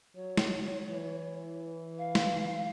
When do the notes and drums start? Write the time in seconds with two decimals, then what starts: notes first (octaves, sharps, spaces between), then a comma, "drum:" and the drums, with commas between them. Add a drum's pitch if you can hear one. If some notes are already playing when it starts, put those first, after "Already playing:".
0.15 F#3 C#5
0.37 drum: snare
0.90 E3
1.98 F5
2.15 drum: snare